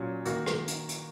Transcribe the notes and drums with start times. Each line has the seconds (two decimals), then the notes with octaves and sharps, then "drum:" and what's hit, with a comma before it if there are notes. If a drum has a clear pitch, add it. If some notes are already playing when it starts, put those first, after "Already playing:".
Already playing: A#2 F#3 C#4
0.25 D#3 A#3 F#4 A#4, drum: hi-hat
0.46 drum: rim click
0.68 drum: hi-hat
0.89 drum: hi-hat